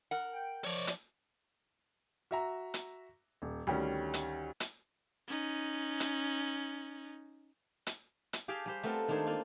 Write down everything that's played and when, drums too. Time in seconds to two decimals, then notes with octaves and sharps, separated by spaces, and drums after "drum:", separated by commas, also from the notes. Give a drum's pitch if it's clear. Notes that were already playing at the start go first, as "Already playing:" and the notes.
0.11 A#4 F#5
0.33 G5
0.64 F3 C#5 D5
0.87 drum: hi-hat
2.31 F#4 E5 A#5
2.74 drum: hi-hat
3.42 D#1
3.67 D2 D#3 G3 C#4
4.14 drum: hi-hat
4.60 drum: hi-hat
5.28 C#4 D#4
6.00 drum: hi-hat
7.87 drum: hi-hat
8.33 drum: hi-hat
8.48 G4 G#4 F5 G5 A5
8.66 G3 G4 C5
8.83 A3 B3 C4 F4 A#4
9.08 D#3 G#3 A3 D4 G#4 C5
9.26 A3 A#3 F4